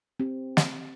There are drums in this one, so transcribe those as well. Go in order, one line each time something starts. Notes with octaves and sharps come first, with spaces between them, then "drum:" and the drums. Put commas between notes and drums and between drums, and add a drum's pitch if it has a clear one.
C4 G4
drum: snare